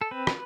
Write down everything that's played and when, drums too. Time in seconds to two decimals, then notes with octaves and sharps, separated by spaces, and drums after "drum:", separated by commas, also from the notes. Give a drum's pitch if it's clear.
0.01 A4
0.11 C4 B4
0.27 drum: rim click